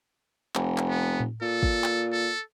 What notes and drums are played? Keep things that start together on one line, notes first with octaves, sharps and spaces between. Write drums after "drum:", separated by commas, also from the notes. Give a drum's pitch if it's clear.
F1, drum: clap
drum: clap
B3
drum: tom A2
A#2 A4
drum: kick G#1
drum: clap
A4